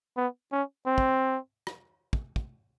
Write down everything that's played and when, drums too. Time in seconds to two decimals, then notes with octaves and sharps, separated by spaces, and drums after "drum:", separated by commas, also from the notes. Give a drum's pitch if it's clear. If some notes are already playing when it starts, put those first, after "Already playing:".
0.17 B3
0.52 C#4
0.86 C4
0.98 drum: kick
1.67 drum: rim click
2.13 drum: kick
2.36 drum: kick